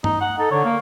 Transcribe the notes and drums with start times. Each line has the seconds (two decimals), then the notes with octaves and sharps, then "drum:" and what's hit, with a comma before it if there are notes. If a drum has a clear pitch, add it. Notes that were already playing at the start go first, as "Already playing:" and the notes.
0.04 D#4, drum: tom G2
0.21 F#5
0.39 D#4 A4
0.51 D3 C#5
0.64 A#3